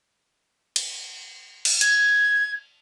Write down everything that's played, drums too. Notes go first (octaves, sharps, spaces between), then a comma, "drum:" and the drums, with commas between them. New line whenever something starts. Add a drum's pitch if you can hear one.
drum: cymbal
drum: cymbal
G#6, drum: hi-hat